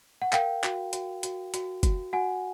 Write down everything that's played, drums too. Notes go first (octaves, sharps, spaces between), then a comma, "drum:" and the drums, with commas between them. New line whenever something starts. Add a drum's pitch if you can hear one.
F#5
A#4 F5 G5, drum: clap
F#4, drum: clap
F#4, drum: hi-hat
F#4, drum: hi-hat
F#4, drum: hi-hat
F#4, drum: kick, hi-hat
F#4 F#5 G#5